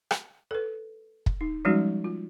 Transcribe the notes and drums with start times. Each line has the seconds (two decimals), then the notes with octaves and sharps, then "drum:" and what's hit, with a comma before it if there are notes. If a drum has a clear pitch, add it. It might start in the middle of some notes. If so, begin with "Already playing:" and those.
0.11 drum: rim click
0.51 A4 B4
1.26 drum: kick
1.41 D#4
1.65 F3 G3 G#3 C#4 D#4 F#4
2.04 F4